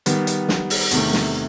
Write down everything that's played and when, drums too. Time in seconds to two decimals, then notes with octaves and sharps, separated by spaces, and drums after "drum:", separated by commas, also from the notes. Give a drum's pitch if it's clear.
0.06 D#3 G3 B3, drum: hi-hat
0.27 drum: hi-hat
0.49 drum: snare
0.70 drum: open hi-hat
0.91 E2 C3 D#3 A3, drum: hi-hat
1.13 drum: snare